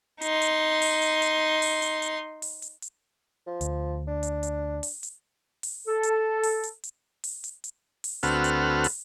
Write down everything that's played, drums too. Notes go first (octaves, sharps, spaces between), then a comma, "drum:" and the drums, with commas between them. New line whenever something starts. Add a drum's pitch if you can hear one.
D#4 C6, drum: hi-hat
drum: hi-hat
drum: open hi-hat
drum: hi-hat
drum: hi-hat
drum: open hi-hat
drum: hi-hat
drum: hi-hat
drum: open hi-hat
drum: hi-hat
drum: hi-hat
F3
D2, drum: hi-hat
D4
drum: hi-hat
drum: hi-hat
drum: open hi-hat
drum: hi-hat
drum: open hi-hat
A4
drum: hi-hat
drum: open hi-hat
drum: hi-hat
drum: hi-hat
drum: open hi-hat
drum: hi-hat
drum: hi-hat
drum: open hi-hat
D2 C4 F#4 A4 B4 F6, drum: hi-hat
drum: hi-hat
drum: open hi-hat